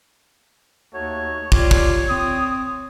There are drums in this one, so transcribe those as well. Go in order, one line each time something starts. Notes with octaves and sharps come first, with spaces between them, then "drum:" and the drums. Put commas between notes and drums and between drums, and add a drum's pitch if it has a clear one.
D#2 A3 D#4 F#4 C#5
F4 G4 C#5 D5, drum: kick
drum: kick
C4 D#6